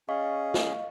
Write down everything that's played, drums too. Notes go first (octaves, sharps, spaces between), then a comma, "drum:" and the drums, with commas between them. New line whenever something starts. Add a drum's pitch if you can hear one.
C#4 G#4 D#5 F5 C#6
drum: snare